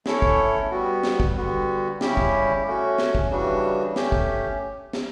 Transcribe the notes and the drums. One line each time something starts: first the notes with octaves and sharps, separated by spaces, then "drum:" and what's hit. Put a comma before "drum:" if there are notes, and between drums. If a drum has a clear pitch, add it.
A3 C#4 E4 A4 C#5, drum: snare
drum: kick
G3 B3 F#4
drum: snare
drum: kick
D3 G3 B3 F#4
C#3 G3 C#4 E4 G4, drum: snare
drum: kick
A3 C#4 F#4
drum: snare
drum: kick
C#3 E3 G3 D4 F#4
A3 C#4 G4, drum: snare
drum: kick
drum: snare